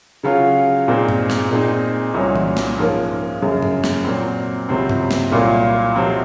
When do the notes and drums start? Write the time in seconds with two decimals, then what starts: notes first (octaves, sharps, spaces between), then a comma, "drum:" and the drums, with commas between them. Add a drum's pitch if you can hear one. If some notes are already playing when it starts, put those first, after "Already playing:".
0.23 C#3 F#3 C#4 F4
0.88 A#2 G#3 C4 D#4
1.09 drum: tom G2
1.30 drum: snare
1.51 A#2 G#3 C4 D#4
2.14 C2 A#2 F#3 C#4
2.36 drum: tom E3
2.57 drum: snare
2.78 G#2 F3 A#3 C#4
3.41 F#2 C#3 G#3 C#4
3.63 drum: tom G2
3.84 drum: snare
4.05 A#2 F#3 C4
4.69 C#2 C3 F#3 C4
4.89 drum: tom G2
5.11 drum: snare
5.31 C2 A#2 F#3 A#3 F4
5.96 F2 C3 F#3 C4